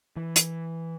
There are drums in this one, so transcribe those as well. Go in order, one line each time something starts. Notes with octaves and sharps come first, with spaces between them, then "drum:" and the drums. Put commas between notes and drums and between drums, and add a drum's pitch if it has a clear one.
E3
drum: hi-hat